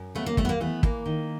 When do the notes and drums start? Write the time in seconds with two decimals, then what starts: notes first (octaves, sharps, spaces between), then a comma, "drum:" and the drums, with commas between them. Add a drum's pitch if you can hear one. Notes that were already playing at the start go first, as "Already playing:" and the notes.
Already playing: F#2
0.15 C#3 A3 B3
0.26 A#3
0.37 D#2 A3, drum: kick
0.45 B3
0.49 A#3
0.60 E3 A3 B3
0.83 E3 A#3, drum: kick
1.06 D#3